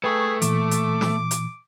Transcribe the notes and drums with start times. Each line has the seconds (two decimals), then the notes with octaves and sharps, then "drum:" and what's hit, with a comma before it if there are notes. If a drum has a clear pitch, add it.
0.04 A3 G#4 B4 G5 C#6
0.42 A#2 E3 D6, drum: hi-hat
0.71 drum: hi-hat
1.01 drum: snare
1.31 drum: hi-hat